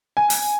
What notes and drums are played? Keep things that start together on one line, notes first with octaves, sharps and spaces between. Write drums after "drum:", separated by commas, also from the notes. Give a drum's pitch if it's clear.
G#5
drum: open hi-hat